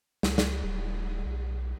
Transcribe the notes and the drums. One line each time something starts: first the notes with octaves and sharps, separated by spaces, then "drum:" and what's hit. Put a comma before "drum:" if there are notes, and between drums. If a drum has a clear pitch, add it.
C#2, drum: snare
drum: snare
D1
B1